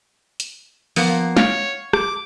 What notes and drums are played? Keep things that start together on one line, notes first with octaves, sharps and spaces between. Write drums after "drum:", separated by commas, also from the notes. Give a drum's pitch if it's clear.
drum: hi-hat
F3 A#3 B3, drum: open hi-hat
C#5 F5, drum: snare
D6, drum: rim click